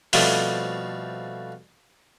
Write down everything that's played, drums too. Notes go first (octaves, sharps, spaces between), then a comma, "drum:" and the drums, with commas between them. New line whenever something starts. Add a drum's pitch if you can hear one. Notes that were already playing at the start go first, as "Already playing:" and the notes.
B2 F3 G3 A3 C4, drum: open hi-hat